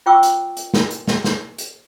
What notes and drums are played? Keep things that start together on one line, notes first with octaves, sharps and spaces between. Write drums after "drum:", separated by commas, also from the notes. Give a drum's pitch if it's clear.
F4 C5 G5 C#6 D6 E6
drum: hi-hat
drum: hi-hat
drum: snare
drum: hi-hat
drum: snare
drum: snare
drum: hi-hat